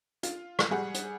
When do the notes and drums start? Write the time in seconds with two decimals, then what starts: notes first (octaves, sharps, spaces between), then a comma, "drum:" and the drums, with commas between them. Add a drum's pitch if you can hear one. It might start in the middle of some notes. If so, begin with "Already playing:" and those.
0.23 F4, drum: hi-hat
0.59 drum: rim click
0.71 G3 G#4 F#5
0.94 drum: hi-hat